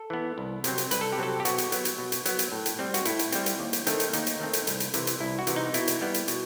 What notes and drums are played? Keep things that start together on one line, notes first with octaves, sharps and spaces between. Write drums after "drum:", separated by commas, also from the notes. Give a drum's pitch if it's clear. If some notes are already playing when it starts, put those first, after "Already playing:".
Already playing: A4
E3 B3
C2
C3 F#3 C4, drum: hi-hat
drum: hi-hat
C2 B4, drum: hi-hat
A4
G4
C3 F#3 C4 A4
G4
B2 F#4, drum: hi-hat
drum: hi-hat
F#3 B3, drum: hi-hat
drum: hi-hat
B2
drum: hi-hat
F#3 B3, drum: hi-hat
drum: hi-hat
A2
drum: hi-hat
G3 C4
F#4, drum: hi-hat
A2 E4, drum: hi-hat
drum: hi-hat
G3 C4, drum: hi-hat
drum: hi-hat
D#2
drum: hi-hat
D#3 A3 C4, drum: hi-hat
drum: hi-hat
D#2 D#4, drum: hi-hat
drum: hi-hat
D#3 A3 C4
drum: hi-hat
C2, drum: hi-hat
drum: hi-hat
C3 E3, drum: hi-hat
drum: hi-hat
C2 E4
F#4
C3 E3, drum: hi-hat
D#4
B2 E4, drum: hi-hat
drum: hi-hat
G3 B3
drum: hi-hat
B2, drum: hi-hat